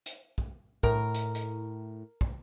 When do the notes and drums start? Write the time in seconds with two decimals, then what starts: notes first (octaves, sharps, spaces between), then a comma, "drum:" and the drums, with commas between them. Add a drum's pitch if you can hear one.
0.06 drum: hi-hat
0.38 drum: kick
0.83 A2 A#4, drum: kick
1.14 drum: hi-hat
1.35 drum: hi-hat
2.21 drum: kick